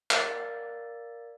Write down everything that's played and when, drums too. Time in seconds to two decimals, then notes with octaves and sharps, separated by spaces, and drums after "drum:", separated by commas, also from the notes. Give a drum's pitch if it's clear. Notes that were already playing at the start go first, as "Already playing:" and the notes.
0.11 A#4 D5 F5 A6, drum: clap